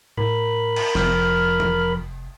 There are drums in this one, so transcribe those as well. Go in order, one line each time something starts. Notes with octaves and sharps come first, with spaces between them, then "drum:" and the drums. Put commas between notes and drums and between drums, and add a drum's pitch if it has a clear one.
A2 A#4 B5
drum: cymbal
F1 F2 F6, drum: snare
drum: tom E3